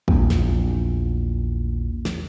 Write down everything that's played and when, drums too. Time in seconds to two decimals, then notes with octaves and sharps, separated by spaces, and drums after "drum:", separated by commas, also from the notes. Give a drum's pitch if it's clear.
0.08 A#1 E2, drum: kick
0.30 drum: snare
2.05 drum: snare